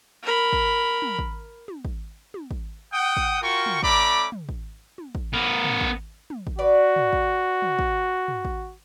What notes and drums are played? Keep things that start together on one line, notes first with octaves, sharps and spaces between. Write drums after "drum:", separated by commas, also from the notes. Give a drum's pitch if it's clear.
A#4 B5
drum: kick
drum: tom
drum: kick
drum: tom
drum: kick
drum: tom
drum: kick
F#5 G5 D#6
drum: kick
F4 F#4 A#4 G5 C#6
drum: tom
A3 C#4 D5 A#5 B5 D6, drum: kick
drum: tom
drum: kick
drum: tom
drum: kick
B3 A#4
drum: tom
drum: kick
drum: tom
drum: kick
F#4 B4 D5
drum: tom
drum: kick
drum: tom
drum: kick
drum: tom
drum: kick